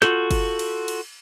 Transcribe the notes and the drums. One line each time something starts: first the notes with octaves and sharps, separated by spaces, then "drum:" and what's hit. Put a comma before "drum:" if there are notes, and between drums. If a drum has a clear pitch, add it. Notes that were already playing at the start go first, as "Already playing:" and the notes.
F4 F#4 A4 G6, drum: snare
drum: kick, cymbal
drum: cymbal
drum: cymbal